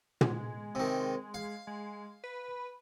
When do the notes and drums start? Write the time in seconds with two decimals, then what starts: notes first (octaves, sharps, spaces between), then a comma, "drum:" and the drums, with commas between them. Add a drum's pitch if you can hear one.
0.21 G#3, drum: tom
0.75 C3 D#3
1.34 F5
1.67 G#3
2.24 B4